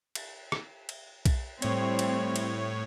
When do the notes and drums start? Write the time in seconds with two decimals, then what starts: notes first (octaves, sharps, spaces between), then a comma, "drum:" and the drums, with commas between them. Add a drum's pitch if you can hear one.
0.15 drum: cymbal
0.52 drum: rim click
0.89 drum: cymbal
1.26 drum: kick B1, cymbal
1.62 A2 G3 C4 C#5, drum: cymbal
1.99 drum: cymbal
2.36 drum: cymbal